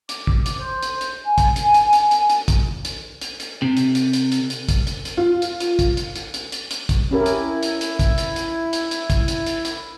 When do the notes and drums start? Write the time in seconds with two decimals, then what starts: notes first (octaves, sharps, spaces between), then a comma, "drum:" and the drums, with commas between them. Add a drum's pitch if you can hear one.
0.09 D6, drum: hi-hat
0.27 drum: kick
0.46 drum: hi-hat
0.58 C5
0.83 drum: hi-hat
1.01 drum: hi-hat
1.25 G#5
1.38 drum: kick, hi-hat
1.56 drum: hi-hat
1.74 drum: hi-hat
1.93 drum: hi-hat
2.11 drum: hi-hat
2.30 drum: hi-hat
2.48 drum: kick, hi-hat
2.85 drum: hi-hat
3.21 drum: hi-hat
3.40 drum: hi-hat
3.62 C3
3.77 drum: hi-hat
3.95 drum: hi-hat
4.13 drum: hi-hat
4.32 drum: hi-hat
4.50 drum: hi-hat
4.69 drum: kick, hi-hat
4.87 drum: hi-hat
5.05 drum: hi-hat
5.17 F4
5.42 drum: hi-hat
5.60 drum: hi-hat
5.79 drum: kick, hi-hat
5.97 drum: hi-hat
6.16 drum: hi-hat
6.34 drum: hi-hat
6.52 drum: hi-hat
6.71 drum: hi-hat
6.89 drum: kick, hi-hat
7.11 C#4 E4 G4 A#4
7.26 drum: hi-hat
7.63 drum: hi-hat
7.81 drum: hi-hat
7.99 drum: kick, hi-hat
8.18 drum: hi-hat
8.36 drum: hi-hat
8.73 drum: hi-hat
8.91 drum: hi-hat
9.10 drum: kick, hi-hat
9.28 drum: hi-hat
9.46 drum: hi-hat
9.65 drum: hi-hat